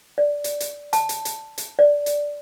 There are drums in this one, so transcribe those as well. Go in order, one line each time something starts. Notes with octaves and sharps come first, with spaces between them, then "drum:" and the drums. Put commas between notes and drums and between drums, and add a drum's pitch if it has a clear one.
D5
drum: hi-hat
drum: hi-hat
A5, drum: hi-hat
drum: hi-hat
drum: hi-hat
drum: hi-hat
D5
drum: hi-hat